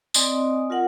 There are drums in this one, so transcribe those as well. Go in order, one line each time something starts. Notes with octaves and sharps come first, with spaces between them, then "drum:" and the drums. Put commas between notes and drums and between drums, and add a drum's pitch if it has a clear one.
C4 D5 D#5 G#5 C6 D#6, drum: tambourine
F4 A#4 F#5